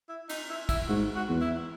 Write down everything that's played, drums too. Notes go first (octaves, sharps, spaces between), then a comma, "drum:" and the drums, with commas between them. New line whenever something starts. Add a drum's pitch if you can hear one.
E4
D#4, drum: cymbal
E4
E4, drum: kick, cymbal
G#2 F#4
F#4
E2
E4